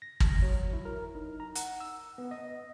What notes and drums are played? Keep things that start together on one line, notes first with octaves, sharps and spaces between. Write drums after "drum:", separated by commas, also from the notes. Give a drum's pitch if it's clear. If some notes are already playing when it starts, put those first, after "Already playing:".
A#6
drum: kick G#1
F#3
E4
A#4
D#4
A#5
F#5, drum: hi-hat
E6
B3
D#5